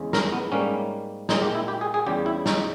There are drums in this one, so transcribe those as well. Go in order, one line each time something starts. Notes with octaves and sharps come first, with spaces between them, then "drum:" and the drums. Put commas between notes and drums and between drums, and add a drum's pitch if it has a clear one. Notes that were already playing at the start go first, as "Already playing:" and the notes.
Already playing: E2 C#3 G#3
A#4, drum: snare
B3
G#2 G3 A#3 C#4
A#2 G#3 D#4, drum: snare
G4
E4
G4
G#4
G#4
E2 C#3 G3 G4
E4
D#4, drum: snare